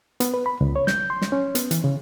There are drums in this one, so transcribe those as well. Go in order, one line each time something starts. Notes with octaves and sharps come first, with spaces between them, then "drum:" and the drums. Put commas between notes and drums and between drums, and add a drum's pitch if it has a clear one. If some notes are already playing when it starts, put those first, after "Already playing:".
B3, drum: hi-hat
B4
B5
C#2
C#5
G6, drum: snare
C6
drum: snare
C#4
B3, drum: hi-hat
E3, drum: hi-hat
C#3